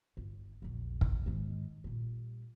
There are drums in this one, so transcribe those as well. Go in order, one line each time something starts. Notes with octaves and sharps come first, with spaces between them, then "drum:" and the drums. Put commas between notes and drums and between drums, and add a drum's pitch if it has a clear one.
G1
A#1 E2
drum: kick
G#2 D#3
A#2 G3